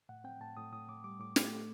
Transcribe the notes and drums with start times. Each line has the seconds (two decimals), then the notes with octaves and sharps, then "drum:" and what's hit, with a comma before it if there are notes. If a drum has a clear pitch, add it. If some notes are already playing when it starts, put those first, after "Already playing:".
0.09 A2 F#5
0.24 C4 G5
0.41 A2 A5
0.57 A2 D#6
0.72 A2 D#6
0.88 A2 D6
1.04 G3 D6
1.20 A2 D6
1.36 A3, drum: snare
1.52 A3